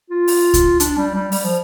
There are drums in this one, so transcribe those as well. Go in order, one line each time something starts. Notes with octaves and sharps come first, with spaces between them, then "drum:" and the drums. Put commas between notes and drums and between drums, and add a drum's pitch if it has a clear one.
F4
drum: open hi-hat
drum: kick C#2, hi-hat
D4, drum: hi-hat
G3
G3
G3, drum: open hi-hat
F3